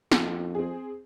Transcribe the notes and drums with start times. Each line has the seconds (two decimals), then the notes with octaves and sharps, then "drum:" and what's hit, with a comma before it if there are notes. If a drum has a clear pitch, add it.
0.12 F2, drum: snare
0.55 C4 G#4